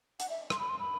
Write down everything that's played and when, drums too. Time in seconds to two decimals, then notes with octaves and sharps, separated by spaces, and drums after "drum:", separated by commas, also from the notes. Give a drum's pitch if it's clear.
0.20 F#5, drum: hi-hat
0.30 E5
0.50 C6, drum: rim click
0.59 B5
0.69 C6
0.80 B5